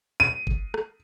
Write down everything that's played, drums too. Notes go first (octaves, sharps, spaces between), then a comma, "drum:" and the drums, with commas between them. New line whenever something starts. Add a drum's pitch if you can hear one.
D#7
drum: kick
drum: rim click